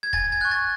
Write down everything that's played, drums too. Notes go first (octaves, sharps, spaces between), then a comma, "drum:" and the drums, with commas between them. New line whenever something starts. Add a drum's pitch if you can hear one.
G#6
G#5 A6, drum: kick
G#6
C#6 F#6
A6